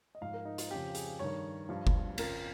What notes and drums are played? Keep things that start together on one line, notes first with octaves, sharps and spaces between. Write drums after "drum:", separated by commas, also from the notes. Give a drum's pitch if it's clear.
D#5
G#2 F3 F5
A#4
D#4
F4, drum: hi-hat
F2 C#3 F3 G4
G#4, drum: hi-hat
G2 D#3 C#5
G2 F3
drum: kick F#1
F2 C#3 F3 A#4, drum: cymbal